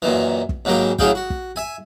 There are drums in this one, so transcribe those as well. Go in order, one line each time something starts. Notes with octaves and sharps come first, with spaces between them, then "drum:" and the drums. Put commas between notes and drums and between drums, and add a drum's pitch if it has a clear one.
F#2 A#2 D#3 E3
drum: kick
G#2 C#3 F#3 A#3 G4
A2 C#3 F#3 G#4 F5 G5, drum: kick
F#4
drum: kick
E5 G#5